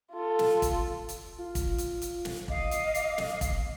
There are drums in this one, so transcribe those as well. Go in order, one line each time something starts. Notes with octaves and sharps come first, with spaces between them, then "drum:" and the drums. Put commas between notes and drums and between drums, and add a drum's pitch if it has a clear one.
F4 A4
drum: snare
drum: kick, hi-hat
drum: hi-hat
F4
drum: kick, hi-hat
drum: hi-hat
drum: hi-hat
drum: snare
D#5 F5 D6, drum: kick
drum: hi-hat
drum: hi-hat
drum: snare
drum: kick, hi-hat